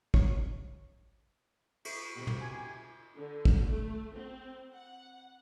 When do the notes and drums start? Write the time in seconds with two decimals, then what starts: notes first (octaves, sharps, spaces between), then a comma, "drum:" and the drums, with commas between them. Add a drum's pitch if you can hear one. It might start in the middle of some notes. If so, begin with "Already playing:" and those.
0.14 C#5, drum: kick
1.85 E5 C#6, drum: cymbal
2.15 B2 D3 C4 G4
2.27 drum: tom
2.41 G#5
3.15 D3
3.45 drum: kick
3.66 A3
4.14 C4
4.76 F#5